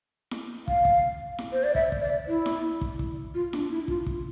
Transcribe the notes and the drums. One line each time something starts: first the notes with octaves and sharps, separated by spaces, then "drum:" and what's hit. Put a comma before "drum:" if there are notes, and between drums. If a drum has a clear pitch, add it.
drum: snare E4
F5, drum: kick
drum: kick
drum: snare E4
C5
D5
E5, drum: kick
drum: kick
D5
E4
drum: snare E4
drum: kick
drum: kick
F4
D4, drum: snare E4
E4
F4, drum: kick
drum: kick